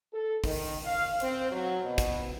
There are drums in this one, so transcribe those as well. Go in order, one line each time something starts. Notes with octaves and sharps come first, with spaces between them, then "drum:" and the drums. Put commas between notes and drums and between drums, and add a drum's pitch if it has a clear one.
A4
D#3, drum: kick, open hi-hat
F5
C4, drum: hi-hat
F#3
B2
drum: kick, hi-hat